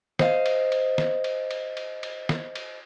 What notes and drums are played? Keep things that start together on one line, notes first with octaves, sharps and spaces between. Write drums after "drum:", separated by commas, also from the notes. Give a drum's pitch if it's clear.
C5 D#5 F5, drum: snare
drum: cymbal
drum: cymbal
drum: snare
drum: cymbal
drum: cymbal
drum: cymbal
drum: cymbal
drum: snare
drum: cymbal